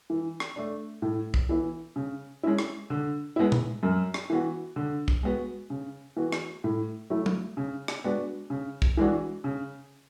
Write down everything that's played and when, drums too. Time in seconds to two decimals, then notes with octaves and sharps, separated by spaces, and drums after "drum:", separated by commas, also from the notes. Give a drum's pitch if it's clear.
0.10 E3
0.40 drum: rim click
0.56 A3 D4
1.02 A2
1.34 drum: kick
1.49 E3 B3 E4
1.96 C#3
2.43 G#3 C#4 E4
2.59 drum: rim click
2.90 D3
3.36 G#3 B3 E4
3.52 drum: tom A#2
3.83 F#2
4.14 drum: rim click
4.30 E3 B3 F#4
4.76 D3
5.08 drum: kick
5.23 G#3 B3 F#4
5.70 C#3
6.17 E3 B3 F#4
6.32 drum: rim click
6.64 A2
7.10 F#3 A3 E4
7.26 drum: tom
7.57 C#3
7.88 drum: rim click
8.04 G#3 B3 D4 F#4
8.50 C#3
8.82 drum: kick
8.97 E3 G#3 D4 F#4
9.44 C#3